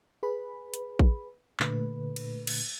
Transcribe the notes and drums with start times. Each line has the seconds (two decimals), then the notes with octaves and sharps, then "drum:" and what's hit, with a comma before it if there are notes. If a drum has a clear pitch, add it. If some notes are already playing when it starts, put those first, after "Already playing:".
0.23 G#4 B4 B5
0.74 drum: hi-hat
0.99 drum: kick A1
1.60 A#2 D3 A3 B4, drum: clap
2.16 drum: cymbal
2.47 drum: cymbal